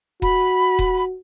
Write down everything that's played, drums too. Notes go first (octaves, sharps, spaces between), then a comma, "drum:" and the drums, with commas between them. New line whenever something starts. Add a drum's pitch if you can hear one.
F#4 B5, drum: kick D#1
drum: kick D#1